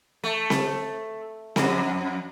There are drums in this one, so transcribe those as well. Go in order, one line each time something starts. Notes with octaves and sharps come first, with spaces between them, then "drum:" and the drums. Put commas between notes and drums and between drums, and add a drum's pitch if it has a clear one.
A3
drum: snare C4
F2, drum: snare C4